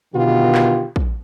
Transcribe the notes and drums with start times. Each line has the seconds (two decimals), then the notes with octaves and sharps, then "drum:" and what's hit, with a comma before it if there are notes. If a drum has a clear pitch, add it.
0.14 B2 D3 D#3 B3 F4 G4
0.55 drum: clap
0.96 drum: kick